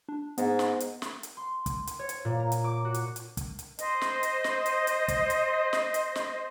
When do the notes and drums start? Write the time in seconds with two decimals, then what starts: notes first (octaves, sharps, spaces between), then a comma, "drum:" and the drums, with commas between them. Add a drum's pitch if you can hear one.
0.09 D4
0.38 G#2 B3, drum: hi-hat
0.59 drum: snare
0.80 drum: hi-hat
1.02 drum: snare
1.23 drum: hi-hat
1.37 C6
1.66 drum: kick, hi-hat
1.87 drum: hi-hat
1.99 C#5
2.09 drum: hi-hat
2.25 A#2
2.40 A#5
2.52 drum: hi-hat
2.64 D6
2.85 F#4
2.94 drum: hi-hat
3.16 drum: hi-hat
3.37 drum: kick, hi-hat
3.59 drum: hi-hat
3.79 C5 D#5, drum: hi-hat
4.01 drum: snare
4.23 drum: hi-hat
4.44 drum: snare
4.66 drum: hi-hat
4.87 drum: hi-hat
5.08 drum: kick, hi-hat
5.30 drum: hi-hat
5.73 drum: snare
5.94 drum: hi-hat
6.15 drum: snare